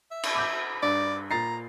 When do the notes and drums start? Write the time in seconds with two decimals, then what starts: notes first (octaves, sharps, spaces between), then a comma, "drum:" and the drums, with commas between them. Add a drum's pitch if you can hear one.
0.11 E5
0.23 drum: cymbal
0.35 D6 G6
0.83 G2 D5
1.31 A#2 A#5 A6 C7